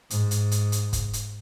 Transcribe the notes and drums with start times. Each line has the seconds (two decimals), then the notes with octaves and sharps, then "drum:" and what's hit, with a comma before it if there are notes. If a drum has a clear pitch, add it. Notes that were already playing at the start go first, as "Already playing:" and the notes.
0.10 G#2, drum: hi-hat
0.31 drum: hi-hat
0.51 drum: hi-hat
0.72 drum: hi-hat
0.93 drum: kick, hi-hat
1.13 drum: hi-hat